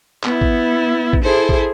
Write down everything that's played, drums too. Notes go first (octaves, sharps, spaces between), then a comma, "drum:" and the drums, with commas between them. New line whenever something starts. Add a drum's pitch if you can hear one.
B3 E4, drum: clap
drum: kick A1
drum: kick A1
E4 G#4 A4 C5
drum: kick A1